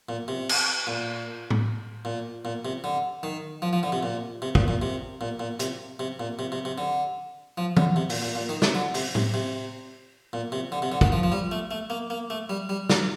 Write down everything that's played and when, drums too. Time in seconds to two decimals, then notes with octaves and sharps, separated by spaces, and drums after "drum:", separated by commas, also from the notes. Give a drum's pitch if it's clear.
0.09 A#2
0.28 C3
0.49 drum: cymbal
0.87 A#2
1.50 drum: tom A2
2.05 A#2
2.45 A#2
2.65 C3
2.84 D3
3.23 D#3
3.62 F3
3.73 F3
3.83 D3
3.92 C3
4.03 A#2
4.42 C3
4.55 A#2, drum: kick
4.68 A#2
4.82 C3
5.21 A#2
5.40 A#2
5.60 C3, drum: hi-hat
5.99 C3
6.20 A#2
6.39 C3
6.52 C3
6.65 C3
6.78 D3
7.58 F3
7.77 D3, drum: tom
7.96 C3
8.10 A#2, drum: open hi-hat
8.22 A#2
8.35 A#2
8.49 D#3
8.62 C3, drum: snare
8.75 D3
8.94 C3, drum: open hi-hat
9.15 C3, drum: tom A2
9.34 C3
10.33 A#2
10.52 C3
10.72 D3
10.82 C3
10.92 D3
11.01 D#3, drum: kick
11.12 F3
11.23 F3
11.32 G3
11.51 A3
11.71 A3
11.90 A#3
12.10 A#3
12.30 A3
12.49 G3
12.69 G3
12.90 G3, drum: snare